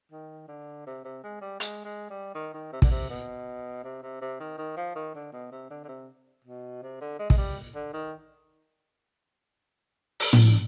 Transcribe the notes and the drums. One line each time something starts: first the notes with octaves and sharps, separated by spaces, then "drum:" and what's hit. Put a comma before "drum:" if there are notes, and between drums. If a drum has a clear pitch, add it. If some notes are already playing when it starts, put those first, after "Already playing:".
D#3
D3
C3
C3
G#3
G3
G#3, drum: hi-hat
G#3
G3
D#3
D#3
C3
D3, drum: kick
C3
B2
C3
C3
C3
D#3
D#3
F3
D#3
D3
B2
C3
D3
D3
C3
B2
C3
D3
G#3
G#3, drum: kick
G3
D3
D#3
drum: open hi-hat
drum: tom A2